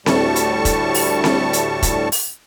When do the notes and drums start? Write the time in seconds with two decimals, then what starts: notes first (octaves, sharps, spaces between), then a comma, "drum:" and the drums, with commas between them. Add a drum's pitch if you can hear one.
0.06 D2 A2 G3 A5 C#6, drum: snare C4
0.36 drum: hi-hat
0.65 drum: kick, hi-hat
0.94 drum: open hi-hat
1.24 drum: snare C4
1.53 drum: hi-hat
1.83 drum: kick, hi-hat
2.12 drum: open hi-hat